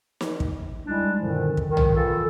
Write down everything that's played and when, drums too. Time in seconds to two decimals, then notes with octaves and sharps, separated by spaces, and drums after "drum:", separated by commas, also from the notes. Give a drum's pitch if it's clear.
0.21 drum: snare
0.40 drum: kick
0.87 G3 G#3 D4 E4
1.18 F#2 A#2 D3 D#3 F3
1.57 drum: kick
1.67 D#3
1.77 drum: tom
1.95 E3 F4 A4